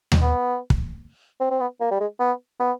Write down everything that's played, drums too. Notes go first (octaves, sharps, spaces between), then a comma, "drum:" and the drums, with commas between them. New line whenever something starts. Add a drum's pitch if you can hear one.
drum: tom D#2
B3
drum: kick
C4
C4
B3
A#3
G3
G#3
B3
B3